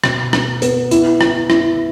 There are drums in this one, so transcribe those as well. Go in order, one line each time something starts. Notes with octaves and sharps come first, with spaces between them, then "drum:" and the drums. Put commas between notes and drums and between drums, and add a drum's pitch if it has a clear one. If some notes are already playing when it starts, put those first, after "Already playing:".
B2, drum: rim click
B3, drum: rim click
B3, drum: hi-hat
E4, drum: hi-hat
E4, drum: rim click
E4, drum: rim click